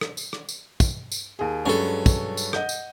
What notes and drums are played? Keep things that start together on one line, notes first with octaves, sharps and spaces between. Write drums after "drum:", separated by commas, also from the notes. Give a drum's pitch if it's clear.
drum: rim click
drum: tambourine
drum: rim click
drum: tambourine
drum: kick, tambourine
drum: tambourine
D#2 G#4
G2 F#3 G#3 C#4 A4
drum: kick, tambourine
drum: tambourine
D#5 F#5 G6, drum: rim click
drum: tambourine